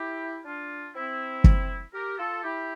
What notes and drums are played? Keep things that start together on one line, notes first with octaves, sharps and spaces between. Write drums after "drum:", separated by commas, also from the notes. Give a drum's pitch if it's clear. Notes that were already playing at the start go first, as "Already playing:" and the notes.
Already playing: E4 G4
D4 F4
C4 E4
drum: kick
G4 A#4
F4 A4
E4 G4